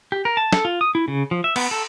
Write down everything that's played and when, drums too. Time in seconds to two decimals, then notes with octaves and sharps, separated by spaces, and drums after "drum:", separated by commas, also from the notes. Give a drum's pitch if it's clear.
0.12 G4
0.25 A#4
0.37 A5
0.53 A4, drum: snare
0.65 F4
0.81 D#6
0.95 E4
1.08 C#3
1.31 F3
1.44 E5
1.56 B3, drum: cymbal
1.71 A4